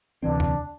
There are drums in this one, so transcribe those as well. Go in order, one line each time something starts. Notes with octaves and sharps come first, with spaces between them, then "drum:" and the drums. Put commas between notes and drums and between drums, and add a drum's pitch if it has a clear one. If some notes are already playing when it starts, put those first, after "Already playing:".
D2 C3 E3 C4 D4
drum: tom